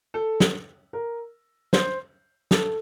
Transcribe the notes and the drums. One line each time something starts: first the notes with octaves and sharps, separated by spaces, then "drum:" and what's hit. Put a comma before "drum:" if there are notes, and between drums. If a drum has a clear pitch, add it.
A4
drum: snare
A#4
C5, drum: snare
A4, drum: snare